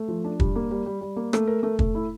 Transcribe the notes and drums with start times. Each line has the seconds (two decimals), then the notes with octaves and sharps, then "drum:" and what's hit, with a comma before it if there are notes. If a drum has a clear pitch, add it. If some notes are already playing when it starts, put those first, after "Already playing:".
Already playing: A3
0.08 F3
0.24 D4
0.40 G3, drum: kick
0.56 A#3
0.71 G3
0.86 G3
1.01 G3
1.16 A#3
1.33 A3, drum: rim click
1.47 A#4
1.63 A3
1.79 A3, drum: kick
1.95 E4